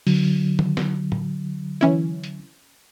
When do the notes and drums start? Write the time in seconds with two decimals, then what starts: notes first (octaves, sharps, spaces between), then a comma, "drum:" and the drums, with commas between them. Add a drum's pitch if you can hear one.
0.07 D3 F#3, drum: open hi-hat
0.59 drum: tom D#3
0.77 drum: snare
1.12 drum: tom
1.81 E3 C#4 E4
2.24 drum: hi-hat